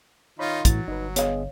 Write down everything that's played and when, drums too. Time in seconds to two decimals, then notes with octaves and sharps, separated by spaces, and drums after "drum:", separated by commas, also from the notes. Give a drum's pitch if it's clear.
0.39 D#3 D#4 F4 C#5 B5
0.65 A2 E3 F#3 A6, drum: kick, hi-hat
0.88 G1 D#4 B4
1.16 B3 G#4 C#5 D#5 F5, drum: hi-hat